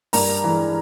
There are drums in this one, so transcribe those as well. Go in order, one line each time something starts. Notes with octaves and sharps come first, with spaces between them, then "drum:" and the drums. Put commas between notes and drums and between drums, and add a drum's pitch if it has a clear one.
G2 A#4 A#5, drum: open hi-hat
E3 G#3